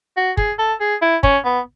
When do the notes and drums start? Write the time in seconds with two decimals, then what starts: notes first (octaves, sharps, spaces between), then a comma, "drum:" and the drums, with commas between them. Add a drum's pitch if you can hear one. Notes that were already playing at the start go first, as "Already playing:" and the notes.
0.17 F#4
0.37 G#4, drum: kick
0.59 A4
0.80 G#4
1.02 E4
1.23 C#4, drum: kick
1.45 B3